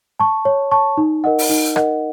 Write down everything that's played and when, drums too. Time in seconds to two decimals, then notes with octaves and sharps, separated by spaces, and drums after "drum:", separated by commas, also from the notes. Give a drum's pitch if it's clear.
0.19 A5 C#6
0.45 C#5
0.71 A5 C#6
0.97 D#4
1.24 A#4 D#5 F#5
1.39 drum: open hi-hat
1.50 D#4
1.76 A#4 D#5 F#5, drum: rim click